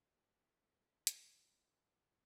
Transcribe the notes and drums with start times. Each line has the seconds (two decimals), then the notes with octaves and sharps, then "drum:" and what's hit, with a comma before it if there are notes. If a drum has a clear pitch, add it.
0.21 C#4 E4 G4 A4 A#4
1.07 drum: hi-hat